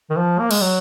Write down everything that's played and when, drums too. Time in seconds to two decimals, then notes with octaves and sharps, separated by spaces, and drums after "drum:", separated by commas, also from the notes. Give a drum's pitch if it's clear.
0.10 D#3
0.17 F3
0.39 A#3
0.51 G#3, drum: cymbal
0.61 F#3